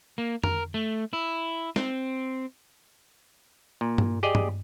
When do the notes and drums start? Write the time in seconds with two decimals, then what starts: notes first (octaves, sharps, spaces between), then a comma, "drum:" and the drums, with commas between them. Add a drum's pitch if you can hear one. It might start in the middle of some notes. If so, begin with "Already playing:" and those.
0.18 A#3
0.44 A#4, drum: tom F2
0.74 A3
1.13 E4
1.76 C4, drum: snare
3.81 A#2
3.98 drum: tom G2
4.23 G4 G#4 D5 D#5
4.35 drum: tom G2